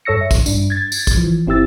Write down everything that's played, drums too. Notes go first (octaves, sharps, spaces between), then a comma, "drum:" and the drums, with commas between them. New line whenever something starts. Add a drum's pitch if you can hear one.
G2 A4 C#5 E6 A#6 C#7
E5
drum: kick, tambourine
G2 D4, drum: tambourine
G#6 A6
drum: tambourine
drum: kick, tambourine
E3 F3
G1 C4 E4 G4 E6 A6